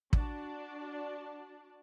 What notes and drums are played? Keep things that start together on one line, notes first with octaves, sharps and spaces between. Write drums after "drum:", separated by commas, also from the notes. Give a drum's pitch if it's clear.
D4 F#4 D5 A5, drum: kick